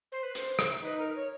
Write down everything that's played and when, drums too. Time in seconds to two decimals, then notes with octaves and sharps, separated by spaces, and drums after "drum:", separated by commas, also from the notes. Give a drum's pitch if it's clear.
0.11 C5
0.22 B4
0.35 C5, drum: hi-hat
0.59 drum: rim click
0.83 D#4 B4
0.98 A#4
1.15 C#5